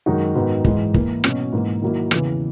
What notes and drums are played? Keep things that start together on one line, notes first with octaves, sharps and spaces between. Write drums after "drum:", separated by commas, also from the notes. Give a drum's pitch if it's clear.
F#2 D#3 G#3 D#4 F#4
G#2 D#3 F#3 B3
G#2 E3 G#3, drum: kick
E3 A#3 E4, drum: kick
B2 F#3 C#4, drum: rim click
G#2 E3 A#3
D#3 F#3 A#3 E4
E2 C#3 E3, drum: rim click